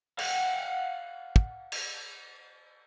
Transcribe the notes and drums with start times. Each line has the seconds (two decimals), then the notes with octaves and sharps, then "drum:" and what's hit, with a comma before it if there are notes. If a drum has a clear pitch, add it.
0.19 F5 F#5, drum: cymbal
1.36 drum: kick
1.72 drum: cymbal